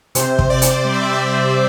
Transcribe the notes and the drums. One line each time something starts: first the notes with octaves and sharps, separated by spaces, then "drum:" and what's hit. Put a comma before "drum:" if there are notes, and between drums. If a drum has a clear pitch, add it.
C3 C5, drum: hi-hat
drum: kick
C3 D5
drum: hi-hat
G3
E5
D5
E5
G3